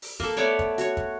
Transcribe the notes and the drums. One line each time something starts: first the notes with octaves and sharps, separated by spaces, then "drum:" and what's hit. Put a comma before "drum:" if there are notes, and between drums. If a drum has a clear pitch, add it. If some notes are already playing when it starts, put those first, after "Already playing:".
drum: open hi-hat
A#3 A4, drum: kick
A3 B3 C#5 D5
drum: kick
F#4 C#5, drum: hi-hat
drum: kick